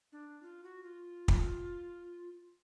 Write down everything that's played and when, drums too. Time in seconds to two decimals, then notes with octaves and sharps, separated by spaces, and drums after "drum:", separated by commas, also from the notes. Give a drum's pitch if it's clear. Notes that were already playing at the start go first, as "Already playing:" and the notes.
0.12 D4
0.43 F4
0.64 F#4
0.83 F4
1.28 drum: kick